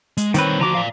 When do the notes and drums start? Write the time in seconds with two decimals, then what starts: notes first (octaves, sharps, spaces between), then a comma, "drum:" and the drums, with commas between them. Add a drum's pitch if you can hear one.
0.17 G#3, drum: hi-hat
0.34 D#3 G3 C4 B4 C#5, drum: hi-hat
0.60 D3 F3 F#4 A#5 D6
0.75 D5 F5